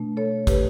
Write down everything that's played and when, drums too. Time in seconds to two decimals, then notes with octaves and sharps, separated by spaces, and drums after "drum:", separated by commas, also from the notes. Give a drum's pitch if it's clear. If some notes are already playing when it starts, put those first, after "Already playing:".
Already playing: B2 A3 D4
0.17 A4 C#5
0.47 G4 B4, drum: kick, hi-hat